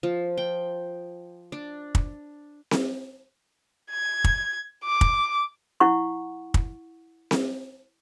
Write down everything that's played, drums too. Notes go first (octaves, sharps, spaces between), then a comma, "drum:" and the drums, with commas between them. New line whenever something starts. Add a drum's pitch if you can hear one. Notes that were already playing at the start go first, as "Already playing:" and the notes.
F3
G5
D4
drum: kick
drum: snare C4
G#6
drum: kick
D6
drum: kick
E4 F#5 C#6
drum: kick
drum: snare C4